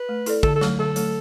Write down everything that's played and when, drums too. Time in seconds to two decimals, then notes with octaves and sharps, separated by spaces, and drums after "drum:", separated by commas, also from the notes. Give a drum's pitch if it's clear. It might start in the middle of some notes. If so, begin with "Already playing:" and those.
Already playing: B4
0.09 A3
0.26 E4 A4 D5, drum: hi-hat
0.43 D3 A4, drum: kick
0.56 A4
0.61 F#3 A3, drum: snare
0.79 D3 A4
0.96 F#3 A3, drum: hi-hat